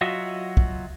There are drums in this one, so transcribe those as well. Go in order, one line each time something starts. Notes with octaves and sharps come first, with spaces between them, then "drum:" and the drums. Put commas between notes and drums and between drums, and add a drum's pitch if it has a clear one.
F#3 F4 F#4 D#5 E5
drum: kick